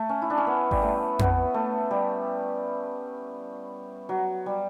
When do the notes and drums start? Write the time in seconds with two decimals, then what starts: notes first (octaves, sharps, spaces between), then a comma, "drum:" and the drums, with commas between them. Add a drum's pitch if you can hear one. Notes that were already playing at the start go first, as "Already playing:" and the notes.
Already playing: A3
0.09 C#4
0.22 E4
0.30 D4
0.37 C#4
0.47 B3
0.71 G3, drum: kick G#1
0.82 A3
1.19 B3, drum: tom F2
1.54 A3
1.91 G3
4.09 F#3
4.46 G3